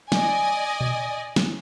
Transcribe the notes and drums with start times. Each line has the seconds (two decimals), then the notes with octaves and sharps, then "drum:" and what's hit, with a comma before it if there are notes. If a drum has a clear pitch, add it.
0.12 D5 D#5 G#5, drum: snare
0.81 drum: tom A#2
1.36 drum: snare